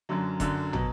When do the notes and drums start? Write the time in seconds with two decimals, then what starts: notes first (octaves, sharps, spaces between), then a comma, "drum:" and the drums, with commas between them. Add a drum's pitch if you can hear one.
0.09 F#2 D3 F#3
0.40 F#2 D3 F#3, drum: kick F1, hi-hat
0.73 B2 F#3, drum: tom